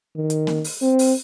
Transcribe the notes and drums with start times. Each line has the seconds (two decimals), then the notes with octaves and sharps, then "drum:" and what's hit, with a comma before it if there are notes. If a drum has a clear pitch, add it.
0.16 D#3
0.30 drum: hi-hat
0.47 drum: snare A#3
0.64 drum: open hi-hat
0.82 C4
0.99 drum: open hi-hat